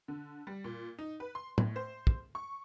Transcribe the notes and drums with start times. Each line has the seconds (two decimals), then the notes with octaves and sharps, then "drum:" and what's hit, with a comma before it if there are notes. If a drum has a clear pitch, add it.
0.08 D3
0.47 G3
0.64 A#2
0.99 D#4
1.20 B4
1.35 C6
1.58 A2, drum: tom
1.76 C5
2.07 drum: kick
2.35 C#6